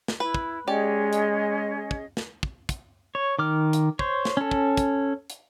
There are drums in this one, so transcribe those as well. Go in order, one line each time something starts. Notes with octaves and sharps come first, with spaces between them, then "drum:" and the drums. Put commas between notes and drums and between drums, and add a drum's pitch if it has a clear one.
drum: snare
E4 B4
drum: kick
G#3 C#4 G4 G#4 D5 D#5
drum: hi-hat
drum: kick
drum: snare
drum: kick
drum: kick, hi-hat
C#5
D#3 D6 F6
drum: hi-hat
C5 C#5, drum: kick
drum: snare
C#4 A4
drum: kick
drum: kick, hi-hat
drum: hi-hat